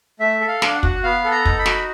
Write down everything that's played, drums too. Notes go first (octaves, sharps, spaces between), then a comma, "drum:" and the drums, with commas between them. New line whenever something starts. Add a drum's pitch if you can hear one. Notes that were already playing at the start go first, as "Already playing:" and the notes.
A3 E5
A4
F5
D4, drum: snare
F#5
F#4, drum: kick
B3 F5
A4
A#5
D#4, drum: kick
B5
F#4, drum: snare